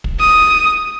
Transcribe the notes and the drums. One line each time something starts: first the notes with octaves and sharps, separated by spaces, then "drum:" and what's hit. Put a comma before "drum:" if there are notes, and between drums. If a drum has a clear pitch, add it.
drum: kick
D#6